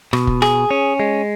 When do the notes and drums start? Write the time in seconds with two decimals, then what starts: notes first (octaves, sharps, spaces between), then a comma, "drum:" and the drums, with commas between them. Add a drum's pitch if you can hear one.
0.13 B2, drum: rim click
0.27 drum: kick
0.42 G#4, drum: rim click
0.71 C#4
1.00 G#3